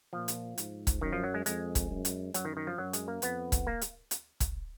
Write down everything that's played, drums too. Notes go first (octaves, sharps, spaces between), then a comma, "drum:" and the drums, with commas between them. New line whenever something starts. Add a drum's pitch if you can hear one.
A#2 F3
drum: hi-hat
G#2, drum: hi-hat
drum: kick, hi-hat
F#2 D#3
F3
F#3
G#3
F2 G#3, drum: hi-hat
drum: kick, hi-hat
F#2
drum: hi-hat
F#2 F#3, drum: hi-hat
D#3
D#3
F3
F#2 F#3
G#3, drum: hi-hat
A#3
F2 B3, drum: hi-hat
drum: kick, hi-hat
A#3
drum: hi-hat
drum: hi-hat
drum: kick, hi-hat